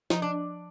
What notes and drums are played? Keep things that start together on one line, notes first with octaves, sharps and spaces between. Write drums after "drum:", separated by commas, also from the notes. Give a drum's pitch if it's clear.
F3 D#4, drum: snare
D4